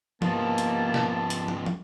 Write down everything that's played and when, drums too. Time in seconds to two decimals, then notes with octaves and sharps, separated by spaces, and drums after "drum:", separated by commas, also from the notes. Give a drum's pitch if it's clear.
0.22 C2 F3 A#3 B3 A5, drum: tom
0.58 drum: hi-hat
0.94 drum: snare
1.30 drum: hi-hat
1.48 drum: tom
1.66 drum: tom